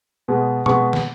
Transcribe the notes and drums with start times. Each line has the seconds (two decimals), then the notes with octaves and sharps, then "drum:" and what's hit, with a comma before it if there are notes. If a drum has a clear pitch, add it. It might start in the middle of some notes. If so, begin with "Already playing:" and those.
0.28 B2 G#3 B3
0.66 B2 G#3 B3 C#6, drum: tom A#2
0.93 drum: snare